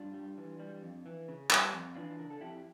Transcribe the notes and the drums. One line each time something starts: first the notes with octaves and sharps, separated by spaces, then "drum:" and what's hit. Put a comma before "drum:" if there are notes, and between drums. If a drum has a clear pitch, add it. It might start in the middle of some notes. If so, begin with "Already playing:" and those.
Already playing: G2 D4 F4
G3
E3
G3
F2
E3
C#3
G3, drum: clap
F2
E3 D4 F4
C#3 A#4
A4
F2 E4 G4